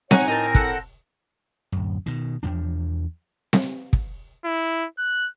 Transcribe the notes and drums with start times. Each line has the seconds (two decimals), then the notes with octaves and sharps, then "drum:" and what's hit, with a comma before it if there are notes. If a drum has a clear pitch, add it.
0.11 D#4 C#5 F#5 G#5 C6 C#6, drum: snare C4
0.28 A2 C4 D#4 A#4 A5
0.55 A4 F#5, drum: kick
1.72 D1 F#2
2.06 B2 D#3
2.43 E2 F3 D4
3.53 drum: snare C4
3.93 drum: kick
4.45 E4
4.98 F#6